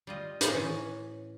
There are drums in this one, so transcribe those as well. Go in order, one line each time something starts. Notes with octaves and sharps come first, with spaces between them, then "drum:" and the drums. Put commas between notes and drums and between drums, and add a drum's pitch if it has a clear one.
G3 F4 D#5
A2 F4 F#4 D#5, drum: hi-hat
E3 C#4